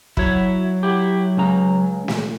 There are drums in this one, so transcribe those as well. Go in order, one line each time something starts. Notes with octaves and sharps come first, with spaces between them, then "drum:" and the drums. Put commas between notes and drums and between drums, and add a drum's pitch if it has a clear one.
F#3 E4 C#5, drum: kick
E4 G4
C#2 C#3 A#5
drum: snare